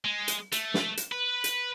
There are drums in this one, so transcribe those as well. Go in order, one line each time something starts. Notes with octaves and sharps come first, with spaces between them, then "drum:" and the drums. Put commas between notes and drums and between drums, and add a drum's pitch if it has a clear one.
G#3
drum: hi-hat
A3, drum: hi-hat
drum: snare
drum: hi-hat
B4
drum: hi-hat